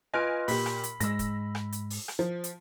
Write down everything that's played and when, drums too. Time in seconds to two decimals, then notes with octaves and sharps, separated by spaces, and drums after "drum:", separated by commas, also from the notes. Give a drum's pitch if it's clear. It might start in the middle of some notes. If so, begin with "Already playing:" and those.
0.14 F4 B4 D#5 G#5 F6 D7
0.48 A#2 G4 B5 B6, drum: open hi-hat
0.66 drum: rim click
0.83 drum: hi-hat
1.00 G#2 G#3 E6 A#6, drum: hi-hat
1.19 drum: kick, hi-hat
1.55 drum: rim click
1.72 drum: hi-hat
1.90 drum: open hi-hat
2.08 drum: rim click
2.19 F3
2.44 drum: hi-hat